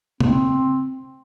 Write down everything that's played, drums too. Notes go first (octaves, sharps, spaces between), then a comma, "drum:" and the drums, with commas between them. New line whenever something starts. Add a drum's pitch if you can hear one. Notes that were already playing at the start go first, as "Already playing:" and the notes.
C4, drum: tom